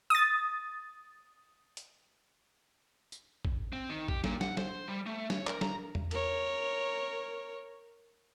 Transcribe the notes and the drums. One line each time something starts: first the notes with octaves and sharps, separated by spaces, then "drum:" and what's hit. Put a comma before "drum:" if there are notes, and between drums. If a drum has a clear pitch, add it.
D#6 A6
drum: hi-hat
drum: tambourine
drum: kick
C4
D#3
G4, drum: kick
A#2, drum: snare
F#5, drum: snare
C5, drum: snare
G3
A3
C#5, drum: snare
A#4, drum: clap
A#5, drum: snare
drum: tom E2
A#4 C#5, drum: cymbal